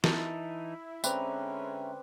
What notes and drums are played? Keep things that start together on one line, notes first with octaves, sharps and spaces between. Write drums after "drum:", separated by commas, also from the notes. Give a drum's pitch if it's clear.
E3 D#4 E4 A5, drum: snare
D3 G#3 C4 C#4 B4 D5 E5 A#5, drum: tambourine